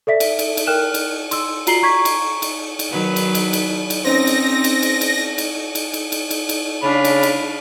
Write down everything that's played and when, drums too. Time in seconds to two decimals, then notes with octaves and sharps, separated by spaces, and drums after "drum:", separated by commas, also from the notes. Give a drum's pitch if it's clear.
0.07 A4 D5 E5 B6
0.20 drum: cymbal
0.39 drum: cymbal
0.57 drum: cymbal
0.67 A#4 G5 F6 F#6 E7
0.94 drum: cymbal
1.31 C6 E6, drum: cymbal
1.67 F4 F#4 A#5 C7 F#7 G7, drum: cymbal
1.82 A#5 C#6 G#6 B6
2.05 drum: cymbal
2.42 drum: cymbal
2.79 drum: cymbal
2.91 D#3 F#3 B4
3.16 drum: cymbal
3.35 drum: cymbal
3.53 drum: cymbal
3.90 drum: cymbal
4.05 C4 C#4 D#4 B4 C5 A#6
4.27 drum: cymbal
4.64 drum: cymbal
4.83 drum: cymbal
5.01 drum: cymbal
5.38 drum: cymbal
5.75 drum: cymbal
5.94 drum: cymbal
6.12 drum: cymbal
6.31 drum: cymbal
6.49 drum: cymbal
6.82 C#3 D4 F5 B5
7.05 drum: cymbal
7.23 drum: cymbal